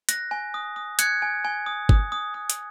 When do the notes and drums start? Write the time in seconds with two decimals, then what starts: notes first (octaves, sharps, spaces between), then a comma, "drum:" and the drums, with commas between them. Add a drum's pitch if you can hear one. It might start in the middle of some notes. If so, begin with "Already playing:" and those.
0.09 F#6 A#6, drum: hi-hat
0.31 G#5
0.54 D#6
0.76 D#6
0.99 F#6 G#6 C#7, drum: hi-hat
1.22 G#5
1.45 G#5
1.66 D#6
1.89 D#6, drum: kick G1
2.12 D#6
2.34 D#6
2.50 drum: hi-hat